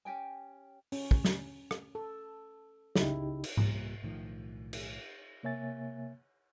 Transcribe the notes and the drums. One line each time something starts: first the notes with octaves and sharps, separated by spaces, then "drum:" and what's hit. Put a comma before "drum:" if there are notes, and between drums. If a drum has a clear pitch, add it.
C#4 G4 G5 G#5
C#4, drum: open hi-hat
drum: kick
drum: snare
drum: rim click
A4
C#2 C#3 D#4 E4 G4, drum: snare
drum: cymbal
C2 A#2 G3, drum: tom G#2
B1 A2 D#3 F3
drum: cymbal
C3 A#3 C#5 E5 G#5 A6